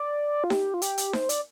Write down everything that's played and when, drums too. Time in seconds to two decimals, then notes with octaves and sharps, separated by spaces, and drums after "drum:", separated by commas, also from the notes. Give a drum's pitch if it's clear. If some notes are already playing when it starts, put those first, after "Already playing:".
Already playing: D5
0.44 F4
0.50 G4, drum: snare D#4
0.74 F4
0.82 G4, drum: hi-hat
0.98 drum: hi-hat
1.13 C5, drum: snare D#4
1.29 D5, drum: hi-hat